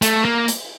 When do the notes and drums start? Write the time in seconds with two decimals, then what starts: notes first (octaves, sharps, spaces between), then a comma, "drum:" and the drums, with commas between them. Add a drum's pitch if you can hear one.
0.02 A3, drum: hi-hat
0.25 A#3
0.48 drum: hi-hat